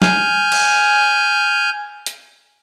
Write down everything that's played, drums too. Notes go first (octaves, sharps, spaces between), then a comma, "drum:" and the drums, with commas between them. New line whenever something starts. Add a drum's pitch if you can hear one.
G#5 F6 G6, drum: snare
drum: cymbal
drum: hi-hat